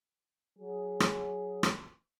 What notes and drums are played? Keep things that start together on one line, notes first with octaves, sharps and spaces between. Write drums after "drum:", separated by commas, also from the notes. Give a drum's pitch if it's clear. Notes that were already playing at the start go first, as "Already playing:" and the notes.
F#3 G#4
drum: rim click
drum: rim click